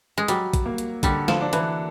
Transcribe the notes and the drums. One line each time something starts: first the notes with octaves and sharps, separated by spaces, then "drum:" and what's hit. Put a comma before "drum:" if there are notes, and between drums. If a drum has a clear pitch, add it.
G#3
F#3 G3, drum: hi-hat
drum: kick A1, hi-hat
A#3
drum: hi-hat
D3 G3, drum: kick A1, hi-hat
F3, drum: snare
D4
E3, drum: hi-hat